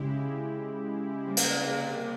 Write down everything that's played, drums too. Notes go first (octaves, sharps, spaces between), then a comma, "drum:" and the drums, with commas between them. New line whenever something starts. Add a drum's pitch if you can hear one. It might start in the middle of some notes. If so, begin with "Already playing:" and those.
Already playing: C#3 G#3 E4 G4
C3 G3 A#3
drum: cymbal